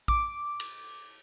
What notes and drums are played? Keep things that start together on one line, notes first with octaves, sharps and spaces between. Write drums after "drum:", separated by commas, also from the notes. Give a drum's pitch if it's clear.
D6, drum: kick A#1
drum: cymbal